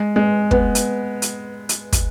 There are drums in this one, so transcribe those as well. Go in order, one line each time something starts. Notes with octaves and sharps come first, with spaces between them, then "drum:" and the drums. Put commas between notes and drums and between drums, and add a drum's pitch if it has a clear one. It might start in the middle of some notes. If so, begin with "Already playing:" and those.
Already playing: G#3
G#3
B3, drum: kick
drum: hi-hat
drum: hi-hat
drum: hi-hat
drum: kick, hi-hat